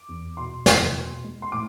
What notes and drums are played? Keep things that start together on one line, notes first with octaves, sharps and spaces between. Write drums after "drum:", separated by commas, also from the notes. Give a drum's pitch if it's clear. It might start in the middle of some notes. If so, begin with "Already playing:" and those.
Already playing: D6
E2
B2 C6
E2, drum: snare
B2
G#3
C6
A2 D6